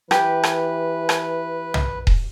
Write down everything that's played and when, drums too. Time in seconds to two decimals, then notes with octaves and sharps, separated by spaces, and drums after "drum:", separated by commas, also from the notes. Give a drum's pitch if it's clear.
0.11 E3 G4 B4, drum: rim click
0.44 drum: rim click
1.09 drum: rim click
1.74 drum: tom B1
2.07 drum: kick D#1